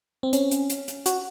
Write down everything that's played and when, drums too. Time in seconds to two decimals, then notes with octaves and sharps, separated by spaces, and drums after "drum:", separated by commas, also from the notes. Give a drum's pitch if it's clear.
0.23 C4
0.33 C#4, drum: hi-hat
0.51 drum: hi-hat
0.70 drum: hi-hat
0.88 drum: hi-hat
1.06 F#4, drum: hi-hat